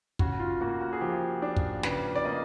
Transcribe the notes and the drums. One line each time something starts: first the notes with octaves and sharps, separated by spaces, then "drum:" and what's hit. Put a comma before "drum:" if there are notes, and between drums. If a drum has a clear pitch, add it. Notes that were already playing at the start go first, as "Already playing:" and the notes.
C#3 F#4, drum: kick
F4
A#3 F#4
F#4
G#4
F3 G4
D4
drum: kick
C#3 B4, drum: snare
D5
A#3 D#5